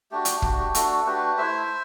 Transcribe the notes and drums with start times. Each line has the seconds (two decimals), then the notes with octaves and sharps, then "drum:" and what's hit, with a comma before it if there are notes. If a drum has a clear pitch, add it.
0.11 A3 D4 F#4 G4
0.25 drum: hi-hat
0.42 A3 D4 F#4 G4, drum: kick
0.58 G4
0.75 A3 D4 F#4 A4, drum: hi-hat
1.06 A3 D4 F#4 G4 B4
1.38 A3 E4 C5 E5